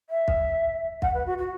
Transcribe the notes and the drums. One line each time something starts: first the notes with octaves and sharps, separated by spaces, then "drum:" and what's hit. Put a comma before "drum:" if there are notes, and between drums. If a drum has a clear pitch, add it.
E5
drum: kick
F#5, drum: kick
B4
F#4
F#4